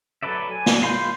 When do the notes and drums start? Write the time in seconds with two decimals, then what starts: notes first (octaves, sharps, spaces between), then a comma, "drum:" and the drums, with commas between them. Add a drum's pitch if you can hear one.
0.23 F#3 A4 B4 D5 E5
0.51 G#5
0.66 drum: snare
0.82 G#3 F5 B5 C6 G6